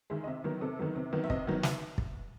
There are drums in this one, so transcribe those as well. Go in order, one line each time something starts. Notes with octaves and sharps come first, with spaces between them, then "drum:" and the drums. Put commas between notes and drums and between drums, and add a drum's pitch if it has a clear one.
D#3 G#3 E5
D#5
C3 E5
D#3 F#3 B3 A#4
C3 A4
D#3 F#3 B3
C3
D#3 F#3 B3
E5
C3 D#5, drum: kick
D#3 F#3 B3
E5, drum: snare
drum: kick